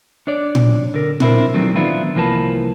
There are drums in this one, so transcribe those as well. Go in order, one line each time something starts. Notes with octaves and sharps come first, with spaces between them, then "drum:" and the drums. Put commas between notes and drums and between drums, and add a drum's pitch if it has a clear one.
D4 C#5 D5
drum: tom A#2
D3 A#4
C4 D4 E4 F#4 A#4 C5, drum: tom A#2
D#3 E3 F#3 G3 A3 C4
D#3 E3 B3 D4 E4 F4
C2 E3 F3 A#3 B4 A5